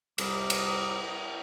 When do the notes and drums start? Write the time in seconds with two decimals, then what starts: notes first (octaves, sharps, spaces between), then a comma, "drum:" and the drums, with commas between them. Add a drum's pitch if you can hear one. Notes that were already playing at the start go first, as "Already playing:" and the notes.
0.18 C2 F2 G3 A#4 D6 D#6, drum: cymbal
0.50 drum: cymbal